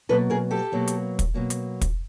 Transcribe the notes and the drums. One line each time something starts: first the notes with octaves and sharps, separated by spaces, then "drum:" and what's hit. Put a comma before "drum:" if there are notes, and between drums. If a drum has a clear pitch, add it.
B2 F#3 A#3 A4 B4
G#4 A#4
G4 A4
B2 F#3 A#3
drum: hi-hat
drum: kick, hi-hat
B2 F#3 A#3
drum: hi-hat
drum: kick, hi-hat